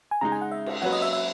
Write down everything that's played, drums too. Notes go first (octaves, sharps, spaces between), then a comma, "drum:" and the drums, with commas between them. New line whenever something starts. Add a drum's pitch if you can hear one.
G#5
C#3 G#3 D#4 A#5
G#5
F#5
E5
drum: cymbal
F#3 A#3 C#4 F#4 B4 F#5
D#5
E5
E5